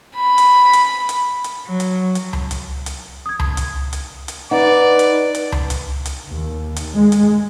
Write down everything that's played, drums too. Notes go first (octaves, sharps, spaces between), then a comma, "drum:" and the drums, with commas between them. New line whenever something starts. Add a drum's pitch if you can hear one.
B5
drum: hi-hat
drum: hi-hat
drum: hi-hat
drum: hi-hat
F#3
drum: hi-hat
drum: hi-hat
drum: tom C#2
drum: hi-hat
drum: hi-hat
D#6 G#6
drum: tom C#2
drum: hi-hat
drum: hi-hat
drum: hi-hat
D#4 B4 D5 F#5
drum: hi-hat
drum: hi-hat
drum: tom C#2
drum: hi-hat
drum: hi-hat
D#2
drum: hi-hat
G#3
drum: hi-hat